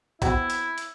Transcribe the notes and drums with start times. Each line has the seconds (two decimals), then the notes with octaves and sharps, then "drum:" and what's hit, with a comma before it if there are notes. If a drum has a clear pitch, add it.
0.22 B3 C4 E4 F#4, drum: kick, hi-hat
0.50 drum: hi-hat
0.78 drum: hi-hat